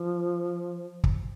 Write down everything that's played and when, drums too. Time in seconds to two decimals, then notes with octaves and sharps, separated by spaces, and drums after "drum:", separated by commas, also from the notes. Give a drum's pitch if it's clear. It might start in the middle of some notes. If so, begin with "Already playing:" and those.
Already playing: F3
1.04 drum: kick